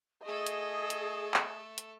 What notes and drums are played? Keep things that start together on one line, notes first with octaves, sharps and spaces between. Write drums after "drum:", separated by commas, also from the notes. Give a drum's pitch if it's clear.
A3 G#4 A4 D#5
drum: hi-hat
drum: hi-hat
drum: clap
drum: hi-hat